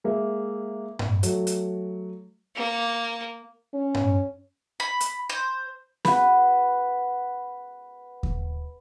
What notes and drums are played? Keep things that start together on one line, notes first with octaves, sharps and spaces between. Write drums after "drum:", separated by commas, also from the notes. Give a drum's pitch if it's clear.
G#3 A#3 E5
drum: tom G2
F#3 A3, drum: hi-hat
drum: hi-hat
A#3
C#4
drum: tom G2
B5
drum: hi-hat
C5
B4 F#5, drum: snare
drum: kick D#2